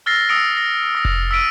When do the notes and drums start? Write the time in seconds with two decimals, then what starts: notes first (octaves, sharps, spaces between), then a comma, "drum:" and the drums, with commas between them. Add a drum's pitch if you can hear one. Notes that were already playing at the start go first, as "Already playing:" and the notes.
0.06 E6 F6 A6 A#6 C7
0.29 D#6 E6 A#6 C#7 D7
0.57 A#6
0.95 D#6 A#6
1.05 drum: kick F1
1.31 E6 B6 D7 D#7